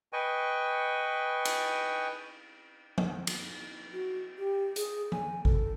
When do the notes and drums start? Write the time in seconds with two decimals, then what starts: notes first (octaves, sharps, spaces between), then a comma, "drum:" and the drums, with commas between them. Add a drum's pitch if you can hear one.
0.13 B4 D#5 G5 G#5 C#6
1.45 drum: cymbal
2.98 drum: tom F3
3.27 drum: cymbal
3.93 F#4
4.38 G4
4.76 G#4, drum: hi-hat
5.12 G#5, drum: tom F3
5.45 A4, drum: kick G#1